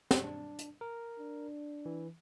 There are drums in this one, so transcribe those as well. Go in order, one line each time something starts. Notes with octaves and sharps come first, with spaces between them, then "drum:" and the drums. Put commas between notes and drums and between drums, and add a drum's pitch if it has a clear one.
drum: snare
D4
drum: hi-hat
A#4
D4
E3